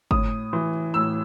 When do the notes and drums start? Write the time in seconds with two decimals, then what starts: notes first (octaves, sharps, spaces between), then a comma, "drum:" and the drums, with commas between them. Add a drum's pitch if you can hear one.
0.11 A2 D#6, drum: kick G1
0.53 E3
0.94 A2 E6